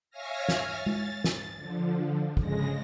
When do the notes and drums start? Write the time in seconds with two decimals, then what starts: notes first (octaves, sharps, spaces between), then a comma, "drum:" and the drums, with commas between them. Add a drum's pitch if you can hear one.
0.11 C#5 E5 F5 G#5 F6 A#6
0.48 drum: snare
0.67 A6
0.86 drum: tom G#3
1.24 drum: snare
1.57 D3 F3
2.37 C#3 G#3 A#6, drum: kick